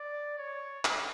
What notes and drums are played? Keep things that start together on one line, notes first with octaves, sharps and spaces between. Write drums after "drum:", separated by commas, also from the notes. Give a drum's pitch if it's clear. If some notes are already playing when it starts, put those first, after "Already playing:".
Already playing: D5
C#5
drum: clap